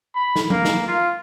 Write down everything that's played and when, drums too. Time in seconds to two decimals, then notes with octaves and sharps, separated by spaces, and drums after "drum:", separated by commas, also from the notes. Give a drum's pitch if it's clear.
0.15 B5
0.36 drum: snare
0.50 A#3, drum: tom
0.65 drum: snare
0.87 F4